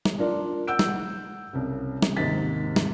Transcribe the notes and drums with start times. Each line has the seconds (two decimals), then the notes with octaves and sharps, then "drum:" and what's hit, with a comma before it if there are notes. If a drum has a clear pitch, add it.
0.05 drum: snare
0.18 D4 F4 A#4 D5
0.67 F#5 E6 G6 D7
0.79 drum: snare
1.53 C2 C#3
2.02 drum: snare
2.16 D#2 G#2 C3 D#4 A6 B6
2.76 drum: snare